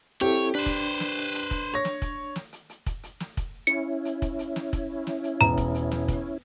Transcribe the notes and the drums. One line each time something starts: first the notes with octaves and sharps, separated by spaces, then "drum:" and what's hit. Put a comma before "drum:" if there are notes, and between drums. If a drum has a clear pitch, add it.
C4 E4 G4 A4 C#5
drum: hi-hat
D4 B4 C5
drum: kick, hi-hat
drum: snare
drum: hi-hat
drum: hi-hat
drum: kick, hi-hat
C#5 A#6
drum: snare
drum: kick, hi-hat
drum: snare
drum: hi-hat
drum: hi-hat
drum: kick, hi-hat
drum: hi-hat
drum: snare
drum: kick, hi-hat
C#4 E4 C#7
drum: hi-hat
drum: kick, hi-hat
drum: hi-hat
drum: snare
drum: kick, hi-hat
drum: snare
drum: hi-hat
E1 A#5, drum: hi-hat
drum: kick, hi-hat
drum: hi-hat
drum: snare
drum: kick, hi-hat